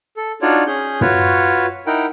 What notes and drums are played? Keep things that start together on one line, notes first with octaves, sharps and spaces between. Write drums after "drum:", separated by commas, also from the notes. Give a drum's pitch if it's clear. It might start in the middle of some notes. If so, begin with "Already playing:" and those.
A4
D4 D#4 F4 F#4 C#5 D5
C#4 G#4 G6
F4 F#4 B4 C#5, drum: tom
D#4 E4 A#4 F#5 G5